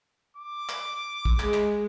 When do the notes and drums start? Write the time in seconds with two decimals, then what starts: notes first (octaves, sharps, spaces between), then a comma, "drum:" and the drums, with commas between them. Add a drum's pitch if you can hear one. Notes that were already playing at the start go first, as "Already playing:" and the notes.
0.37 D6
0.69 drum: clap
1.25 drum: kick
1.39 G#3, drum: clap
1.54 drum: clap